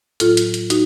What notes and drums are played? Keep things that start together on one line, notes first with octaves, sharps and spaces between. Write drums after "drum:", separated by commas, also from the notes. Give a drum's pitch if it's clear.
A2 F#3 F4 A4, drum: hi-hat
drum: hi-hat
drum: hi-hat
D#4 F#4, drum: hi-hat